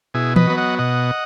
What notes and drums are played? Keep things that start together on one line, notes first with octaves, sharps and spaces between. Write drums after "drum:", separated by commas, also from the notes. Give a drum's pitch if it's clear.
B2 E4 G#4
B4 D#5, drum: tom E3
F#3 B3
D#5 F#5
B2 D#5 F#5